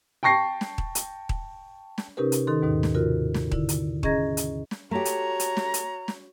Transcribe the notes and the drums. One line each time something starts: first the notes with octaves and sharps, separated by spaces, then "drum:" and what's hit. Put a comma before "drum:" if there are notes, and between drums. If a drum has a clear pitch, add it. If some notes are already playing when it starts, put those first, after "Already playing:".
G5 A5 C#6 A#6 C7
drum: snare
drum: kick D#1
drum: hi-hat
drum: kick D#1
drum: snare
C3 C#4 D#4 G4 A#4 B4
drum: hi-hat
D#3 D#4 A4 C6
D#2 G#2 B2 D#3 D#4
drum: snare
C3 F4 F#4 A#4
drum: snare
D3 E4, drum: kick D#1
drum: hi-hat
C#4 G#4 D#5 A#5 G#6 A#6, drum: kick D#1
drum: hi-hat
drum: snare
A3 F#4 G4 C#5 A#5
drum: hi-hat
drum: hi-hat
drum: snare
drum: hi-hat
drum: snare